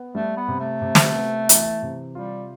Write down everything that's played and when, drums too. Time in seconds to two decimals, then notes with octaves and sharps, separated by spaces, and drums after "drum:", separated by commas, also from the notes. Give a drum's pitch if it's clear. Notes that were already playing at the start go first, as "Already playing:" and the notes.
Already playing: B3
0.15 G3 A3
0.37 B3
0.48 C3
0.60 A3
0.81 C3
0.95 drum: snare
1.15 B3
1.49 E3, drum: hi-hat
1.82 C3
2.15 G3 F4